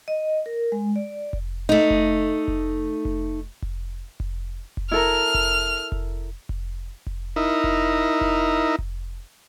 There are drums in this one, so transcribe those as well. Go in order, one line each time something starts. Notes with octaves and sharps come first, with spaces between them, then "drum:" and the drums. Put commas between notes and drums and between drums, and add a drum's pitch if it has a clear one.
D#5
A#4
G#3
D5
drum: kick F1
A3 D#4
drum: kick F1
drum: kick F1
drum: kick F1
drum: kick F1
drum: kick F1
drum: kick F1
E4 A4 A#4 F6
drum: kick F1
drum: kick F1
drum: kick F1
drum: kick F1
D#4 E4 A#4
drum: kick F1
drum: kick F1
drum: kick F1